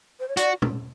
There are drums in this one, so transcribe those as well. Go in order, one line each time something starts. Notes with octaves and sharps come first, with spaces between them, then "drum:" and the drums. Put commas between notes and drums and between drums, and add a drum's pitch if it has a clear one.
C5
C#5
F#4 D5, drum: hi-hat
drum: tom